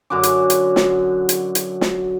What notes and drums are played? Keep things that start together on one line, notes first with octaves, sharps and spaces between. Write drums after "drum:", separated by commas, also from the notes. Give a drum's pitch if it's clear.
F#2 D3 F#4 D6
drum: hi-hat
drum: hi-hat
drum: snare
drum: hi-hat
drum: hi-hat
drum: snare